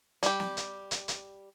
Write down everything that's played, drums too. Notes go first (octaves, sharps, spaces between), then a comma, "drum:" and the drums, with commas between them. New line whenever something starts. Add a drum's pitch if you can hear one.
G3 G4, drum: hi-hat
drum: snare
drum: hi-hat
drum: hi-hat
drum: hi-hat